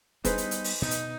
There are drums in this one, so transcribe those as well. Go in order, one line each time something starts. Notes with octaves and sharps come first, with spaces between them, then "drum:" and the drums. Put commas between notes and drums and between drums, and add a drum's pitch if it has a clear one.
G3 G#3 B3 D#4 G#4 B4 C5, drum: kick, hi-hat
drum: hi-hat
drum: hi-hat
drum: open hi-hat
B2 D#4
drum: hi-hat